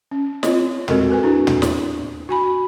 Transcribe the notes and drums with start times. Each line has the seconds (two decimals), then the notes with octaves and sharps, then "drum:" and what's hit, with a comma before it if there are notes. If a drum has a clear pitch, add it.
0.11 C#4
0.43 C4 F4 C#5 D#5, drum: snare
0.88 G#3 C4 F#4 A4 A#4 D#5, drum: tom
1.10 C4 B4 G#5
1.23 D4 E4 F#4
1.47 drum: tom
1.62 drum: snare
2.29 F#4 G#5 B5